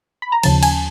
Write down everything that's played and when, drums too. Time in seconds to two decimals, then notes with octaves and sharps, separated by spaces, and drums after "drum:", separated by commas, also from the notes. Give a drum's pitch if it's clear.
0.22 B5
0.32 A#5
0.43 D#2 C#3 F3 A5, drum: cymbal
0.63 G#5, drum: cymbal